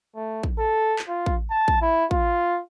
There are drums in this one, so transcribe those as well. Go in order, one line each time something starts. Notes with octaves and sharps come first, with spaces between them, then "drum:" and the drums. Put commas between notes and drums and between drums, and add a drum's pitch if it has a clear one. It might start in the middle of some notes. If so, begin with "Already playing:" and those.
A3
drum: kick
A4
drum: clap
F4
drum: kick
A5
drum: kick
E4
F4, drum: kick